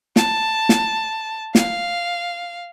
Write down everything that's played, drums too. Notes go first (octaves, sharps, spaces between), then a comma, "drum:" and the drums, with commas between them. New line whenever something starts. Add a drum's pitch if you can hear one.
A5, drum: snare
drum: snare
F5, drum: snare